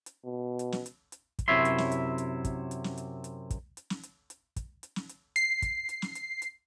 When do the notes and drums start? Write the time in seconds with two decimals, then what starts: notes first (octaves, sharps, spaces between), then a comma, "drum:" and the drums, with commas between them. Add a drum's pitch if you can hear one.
0.06 drum: hi-hat
0.25 B2
0.59 drum: hi-hat
0.72 drum: snare
0.86 drum: hi-hat
1.12 drum: hi-hat
1.39 drum: kick, hi-hat
1.48 F#2 C3 E4 C#5 E5 C6
1.65 drum: hi-hat
1.78 drum: snare
1.92 drum: hi-hat
2.18 drum: hi-hat
2.45 drum: kick, hi-hat
2.71 drum: hi-hat
2.84 drum: snare
2.98 drum: hi-hat
3.24 drum: hi-hat
3.50 drum: kick, hi-hat
3.77 drum: hi-hat
3.90 drum: snare
4.03 drum: hi-hat
4.30 drum: hi-hat
4.56 drum: kick, hi-hat
4.83 drum: hi-hat
4.96 drum: snare
5.09 drum: hi-hat
5.36 C7, drum: hi-hat
5.62 drum: kick, hi-hat
5.89 drum: hi-hat
6.02 drum: snare
6.15 drum: hi-hat
6.42 drum: hi-hat